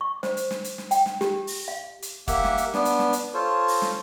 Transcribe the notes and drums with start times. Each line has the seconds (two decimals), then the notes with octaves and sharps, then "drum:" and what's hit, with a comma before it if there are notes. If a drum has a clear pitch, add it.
0.01 C#6
0.23 C5, drum: snare
0.37 drum: hi-hat
0.51 drum: snare
0.64 drum: hi-hat
0.78 drum: snare
0.91 G5, drum: hi-hat
1.06 drum: snare
1.21 G4, drum: snare
1.47 drum: open hi-hat
1.68 F5
2.02 drum: hi-hat
2.28 A#3 G4 E5 F#5, drum: kick, hi-hat
2.44 drum: snare
2.58 drum: hi-hat
2.74 B3 D4, drum: snare
2.85 drum: hi-hat
2.99 drum: snare
3.13 drum: hi-hat
3.34 F4 A4 C5 C#5
3.68 drum: open hi-hat
3.82 drum: snare